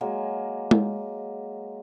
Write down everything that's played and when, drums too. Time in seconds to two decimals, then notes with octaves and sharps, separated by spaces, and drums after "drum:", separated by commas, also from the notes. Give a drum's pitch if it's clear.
0.01 F#3 G#3 A#3
0.71 drum: tom G#3